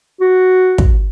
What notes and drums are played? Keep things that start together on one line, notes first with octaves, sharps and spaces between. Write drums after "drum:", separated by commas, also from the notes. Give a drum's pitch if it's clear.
F#4
drum: kick